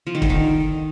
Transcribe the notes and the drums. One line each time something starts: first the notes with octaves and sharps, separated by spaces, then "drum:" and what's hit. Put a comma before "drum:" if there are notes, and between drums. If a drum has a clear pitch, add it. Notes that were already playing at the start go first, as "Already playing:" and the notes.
F3
D#3
D3, drum: kick
D#3